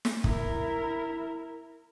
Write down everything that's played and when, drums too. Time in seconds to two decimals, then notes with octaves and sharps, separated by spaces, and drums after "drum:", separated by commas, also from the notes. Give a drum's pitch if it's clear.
0.05 drum: snare
0.24 E4 A#4, drum: kick